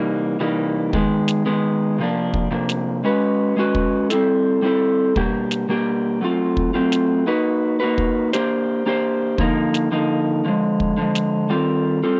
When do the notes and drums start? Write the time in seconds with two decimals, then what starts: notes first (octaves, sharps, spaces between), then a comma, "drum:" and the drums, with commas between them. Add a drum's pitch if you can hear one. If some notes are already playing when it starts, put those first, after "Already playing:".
Already playing: C3 E3 G3 A#3 D#4
0.40 C3 E3 G3 A#3 D#4
0.93 D#3 G#3 B3, drum: kick
1.28 drum: snare
1.46 D#3 G#3 B3
1.99 C3 F3 A#3 D4
2.34 drum: kick
2.51 C3 F3 A#3 D4
2.69 drum: snare
3.04 G#3 C#4 F#4 B4
3.57 G#3 C#4 F#4 B4
3.75 drum: kick
4.10 G3 C4 E4 A4, drum: snare
4.62 G3 C4 E4 A4
5.16 B2 G3 A#3 D4 G4, drum: kick
5.51 drum: snare
5.69 B2 G3 A#3 D4 G4
6.21 F#3 A3 C4 F4
6.57 drum: kick
6.74 F#3 A3 C4 F4
6.92 drum: snare
7.27 A#3 D#4 F#4 B4
7.80 A#3 D#4 F#4 B4
7.98 drum: kick
8.33 A#3 D4 G4 C5, drum: snare
8.86 A#3 D4 G4 C5
9.38 D3 F3 A#3 D#4, drum: kick
9.74 drum: snare
9.92 D3 F3 A#3 D#4
10.45 D3 F3 G#3
10.80 drum: kick
10.97 D3 F3 G#3
11.15 drum: snare
11.50 D#3 G3 C4 F4 A4
12.03 G3 C4 F4 A4